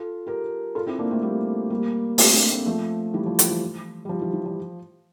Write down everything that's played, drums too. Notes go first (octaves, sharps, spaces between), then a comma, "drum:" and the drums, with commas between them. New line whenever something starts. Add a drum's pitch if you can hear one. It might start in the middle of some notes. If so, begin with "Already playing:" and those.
Already playing: F4 A4
G4 A#4
F4 A4
C4 E4
A#3 D4
A3 C4
G3 A#3
G3 A#3
A3 C4, drum: open hi-hat
A#3 D4
A3 C4
F3 A3
E3 G3
F3
F3, drum: hi-hat
E3
G3
F3
E3 G3
E3
F3